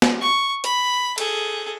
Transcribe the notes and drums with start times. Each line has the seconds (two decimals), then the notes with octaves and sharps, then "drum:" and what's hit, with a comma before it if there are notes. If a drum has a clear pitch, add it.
0.02 drum: snare
0.21 C#6
0.64 B5, drum: hi-hat
1.18 G#4 A4, drum: cymbal